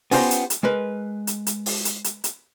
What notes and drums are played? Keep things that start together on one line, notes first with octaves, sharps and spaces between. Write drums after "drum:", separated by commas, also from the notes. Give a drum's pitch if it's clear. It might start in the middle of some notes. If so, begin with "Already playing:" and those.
B3 C#4 F4 G4 C5 A#5, drum: open hi-hat
drum: hi-hat
drum: hi-hat
G#3 A#4 B4
drum: hi-hat
drum: hi-hat
drum: open hi-hat
drum: hi-hat
drum: hi-hat
drum: hi-hat